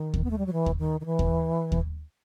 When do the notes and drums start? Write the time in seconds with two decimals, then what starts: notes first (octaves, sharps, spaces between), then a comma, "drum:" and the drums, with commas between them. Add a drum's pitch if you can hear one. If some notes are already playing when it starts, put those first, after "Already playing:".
Already playing: D#3
0.14 drum: kick D#2
0.24 B3
0.31 A3
0.38 G3
0.46 F#3
0.53 E3
0.66 drum: kick D#2
0.79 D#3
1.01 D#3
1.06 E3
1.19 drum: kick D#2
1.72 drum: kick D#2